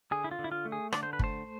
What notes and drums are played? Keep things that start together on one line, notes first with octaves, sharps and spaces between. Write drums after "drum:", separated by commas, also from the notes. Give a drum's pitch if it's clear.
D3 G#4
E4
F4
D3
E4
F4
A3
G#4
D3 D5, drum: rim click
C5
B4
A3 C5, drum: kick G1